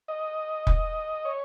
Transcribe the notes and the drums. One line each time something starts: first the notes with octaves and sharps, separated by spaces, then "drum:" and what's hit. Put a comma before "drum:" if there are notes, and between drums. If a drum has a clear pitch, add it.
D#5
drum: kick
C#5